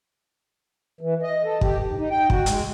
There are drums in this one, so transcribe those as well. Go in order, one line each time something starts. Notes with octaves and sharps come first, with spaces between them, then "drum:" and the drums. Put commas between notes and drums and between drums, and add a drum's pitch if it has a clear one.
E3
D#5
A4
G4, drum: kick
G#2
D#4
G5
F#4, drum: kick
G#3, drum: hi-hat